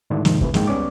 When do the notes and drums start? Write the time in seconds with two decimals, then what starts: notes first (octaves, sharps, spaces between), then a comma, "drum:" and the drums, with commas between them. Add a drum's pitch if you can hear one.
0.10 G#2 D3 D#3 A3 D4 E4
0.25 D#2 G#2 C3 D#3 F3, drum: snare
0.41 C2 C3 E3 A3 B4, drum: kick
0.54 G#2 G#3 A#3 D#4 G5, drum: snare
0.67 C#2 G3 B3 C#4 D5 D6